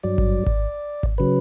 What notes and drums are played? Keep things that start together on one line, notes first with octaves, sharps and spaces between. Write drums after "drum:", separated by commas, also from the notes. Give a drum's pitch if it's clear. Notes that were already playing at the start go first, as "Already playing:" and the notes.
G2 F#3 D5
drum: kick G#1
drum: kick G#1
drum: kick G#1
C#3 F#3 B4